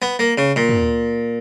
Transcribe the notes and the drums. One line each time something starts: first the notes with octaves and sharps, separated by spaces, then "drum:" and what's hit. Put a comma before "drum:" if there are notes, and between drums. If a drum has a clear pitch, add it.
B3
A#3
C#3
A#2
drum: tom